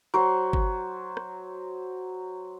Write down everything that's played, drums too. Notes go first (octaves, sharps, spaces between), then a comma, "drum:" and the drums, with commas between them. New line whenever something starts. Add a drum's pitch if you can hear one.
F#3 C5
drum: kick G1
drum: rim click